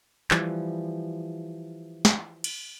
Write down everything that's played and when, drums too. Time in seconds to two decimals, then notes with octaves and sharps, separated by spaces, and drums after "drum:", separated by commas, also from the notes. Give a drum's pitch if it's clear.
0.31 E3 F3 G3, drum: clap
2.05 drum: snare
2.44 drum: cymbal